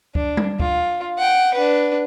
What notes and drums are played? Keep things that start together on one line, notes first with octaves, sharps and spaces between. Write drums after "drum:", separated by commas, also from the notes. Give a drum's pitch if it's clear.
D4, drum: kick
drum: tom G3
F4, drum: kick
F#5 G5
D4 B4